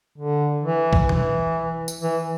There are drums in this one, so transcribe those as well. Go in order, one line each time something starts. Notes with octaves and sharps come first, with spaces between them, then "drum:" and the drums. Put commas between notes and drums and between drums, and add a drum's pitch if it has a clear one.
D3
E3
drum: kick
E3, drum: tom B2
drum: tambourine
E3